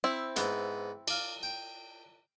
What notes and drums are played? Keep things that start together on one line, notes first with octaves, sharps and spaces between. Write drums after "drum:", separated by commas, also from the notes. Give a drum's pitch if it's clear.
C4 E4
G#2 B3, drum: hi-hat
D5 F5, drum: cymbal
G5